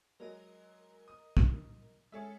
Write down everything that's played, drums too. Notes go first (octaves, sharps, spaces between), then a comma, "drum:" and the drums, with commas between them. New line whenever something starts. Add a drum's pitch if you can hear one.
F#3 G#3 A#4 D#5 A#5
D#6
drum: kick
G#3 C#4 G#4 A4 E5 C#7